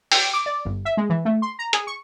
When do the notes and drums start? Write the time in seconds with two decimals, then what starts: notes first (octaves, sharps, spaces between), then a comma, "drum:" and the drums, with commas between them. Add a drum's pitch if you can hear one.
0.12 G5, drum: open hi-hat
0.33 D6
0.46 D5
0.65 G1
0.85 E5
0.97 G#3
1.10 E3
1.25 A3
1.42 C6
1.59 A#5
1.73 G#4, drum: hi-hat
1.87 C#6